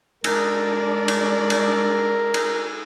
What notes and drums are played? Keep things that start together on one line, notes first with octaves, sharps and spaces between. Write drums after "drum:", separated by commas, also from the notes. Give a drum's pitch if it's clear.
G#3 D4 A#4 D5, drum: cymbal
drum: cymbal
drum: cymbal
drum: cymbal